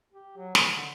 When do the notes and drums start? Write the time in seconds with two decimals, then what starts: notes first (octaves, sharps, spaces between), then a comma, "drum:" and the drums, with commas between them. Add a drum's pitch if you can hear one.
0.13 G4
0.37 F#3
0.55 D#3, drum: snare
0.73 D3